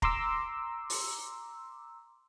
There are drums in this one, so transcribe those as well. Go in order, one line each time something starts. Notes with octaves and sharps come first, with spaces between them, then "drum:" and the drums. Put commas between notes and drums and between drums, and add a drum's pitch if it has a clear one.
A#5 C6 D6 E6, drum: kick
drum: open hi-hat